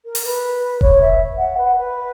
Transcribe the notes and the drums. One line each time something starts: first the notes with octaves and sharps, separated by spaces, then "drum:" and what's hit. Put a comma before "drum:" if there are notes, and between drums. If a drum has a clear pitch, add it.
A#4
drum: open hi-hat
B4
C#5, drum: kick E1
E5
F#5
B4
B4